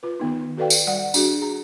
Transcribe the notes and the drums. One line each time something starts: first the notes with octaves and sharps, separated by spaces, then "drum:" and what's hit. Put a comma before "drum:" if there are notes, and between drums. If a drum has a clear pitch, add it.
F4 B4
D#3 B3 D#4
F#4 A4 B4 D5 F5 G5
drum: tambourine
G3 D5 F#5
D4 F#4 G#4, drum: tambourine
G#4 A#5